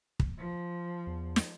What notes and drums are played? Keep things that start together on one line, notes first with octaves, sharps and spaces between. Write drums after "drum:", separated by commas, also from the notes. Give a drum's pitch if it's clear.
drum: kick
F3
E2
drum: snare